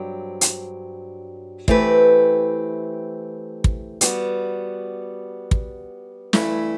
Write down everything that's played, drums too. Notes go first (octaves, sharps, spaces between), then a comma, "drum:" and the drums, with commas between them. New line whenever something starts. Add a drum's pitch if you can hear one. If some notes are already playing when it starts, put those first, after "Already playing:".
Already playing: G2 F#3 C4 G4
drum: hi-hat
E3 A3 C4 G4 B4, drum: kick
drum: kick
G3 B3 F#4, drum: hi-hat
drum: kick
G2 E3 A3 E4, drum: snare